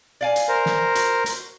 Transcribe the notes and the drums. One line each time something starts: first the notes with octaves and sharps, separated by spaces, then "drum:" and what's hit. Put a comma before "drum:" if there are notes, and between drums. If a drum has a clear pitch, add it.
D5 F5 G#5
drum: hi-hat
A#4 C5
drum: snare
F#4, drum: hi-hat
drum: hi-hat